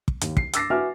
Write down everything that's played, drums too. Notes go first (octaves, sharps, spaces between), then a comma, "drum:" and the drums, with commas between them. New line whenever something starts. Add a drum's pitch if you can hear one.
drum: kick
D#2, drum: hi-hat
C7, drum: kick
D6 E6 A6 A#6 C7, drum: hi-hat
F#4 B4 E5 G#5 D6 F6